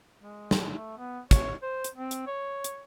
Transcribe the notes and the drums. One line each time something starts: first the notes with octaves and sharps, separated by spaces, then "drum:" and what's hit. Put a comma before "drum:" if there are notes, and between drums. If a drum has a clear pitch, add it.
G#3
drum: snare
A3
B3
C#5, drum: kick, hi-hat
C5
drum: hi-hat
C4
drum: hi-hat
C#5
drum: hi-hat